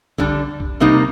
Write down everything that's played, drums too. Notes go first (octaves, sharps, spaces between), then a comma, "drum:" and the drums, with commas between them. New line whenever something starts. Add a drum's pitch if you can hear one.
D3 G3 D4, drum: kick
drum: kick
C3 G3 A#3 D#4